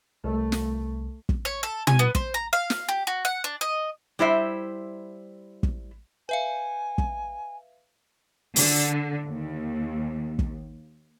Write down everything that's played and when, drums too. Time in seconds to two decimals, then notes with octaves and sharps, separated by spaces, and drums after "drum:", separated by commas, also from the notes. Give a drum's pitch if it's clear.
0.24 C2 A3
0.52 drum: snare
1.29 drum: kick
1.45 C#5
1.63 A4
1.87 G#5, drum: tom
1.99 B3
2.15 C5, drum: kick
2.34 A#5
2.53 F5
2.70 drum: snare
2.89 G4
3.07 F#4
3.25 F#5
3.44 D4
3.61 D#5
4.19 G3 E4 C5 E5
5.63 drum: kick
6.29 B4 E5 F5 G#5
6.98 drum: kick
8.56 D3, drum: open hi-hat
9.28 D#2
10.39 drum: kick